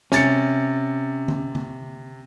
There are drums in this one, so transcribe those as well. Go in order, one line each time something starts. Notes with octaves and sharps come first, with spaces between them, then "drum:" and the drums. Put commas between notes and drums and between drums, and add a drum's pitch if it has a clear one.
C3 C#4 A6 C#7, drum: snare
drum: tom D3
drum: tom D3